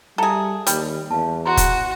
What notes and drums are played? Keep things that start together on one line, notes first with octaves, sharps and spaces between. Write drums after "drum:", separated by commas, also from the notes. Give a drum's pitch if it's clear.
G3 G#4 A4 E5 F5 A#5
D#2 G3, drum: hi-hat
E2 F5 A5
F#4 A#5 C6
drum: kick, hi-hat